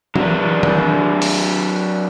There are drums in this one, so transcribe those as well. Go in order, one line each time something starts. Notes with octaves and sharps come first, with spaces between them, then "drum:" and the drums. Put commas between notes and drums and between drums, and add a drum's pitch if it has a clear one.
F#3 D4, drum: tom E3
drum: tom D#3
drum: open hi-hat